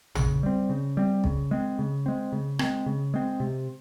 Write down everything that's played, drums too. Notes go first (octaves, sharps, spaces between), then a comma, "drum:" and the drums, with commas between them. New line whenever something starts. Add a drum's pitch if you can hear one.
C#3, drum: tom A1
G3 C4
C#3
G3 C4
C#3, drum: kick
G#3 C4
C#3
G#3 C4
C#3
G#3 C4, drum: rim click
C#3
G#3 C4
C3